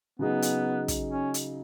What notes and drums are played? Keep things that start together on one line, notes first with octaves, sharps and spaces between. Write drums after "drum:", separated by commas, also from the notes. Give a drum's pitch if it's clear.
C#3 F#3 B3 D#4 G#4
drum: hi-hat
drum: kick, hi-hat
C#4
drum: hi-hat